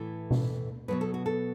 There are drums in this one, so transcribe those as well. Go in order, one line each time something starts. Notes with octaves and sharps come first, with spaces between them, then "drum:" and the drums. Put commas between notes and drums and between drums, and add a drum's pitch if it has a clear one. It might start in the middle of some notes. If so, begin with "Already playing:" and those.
Already playing: A2 E3 A3 A4
drum: tom B2
B2 F#3 B3 B4
A4
F#4
A4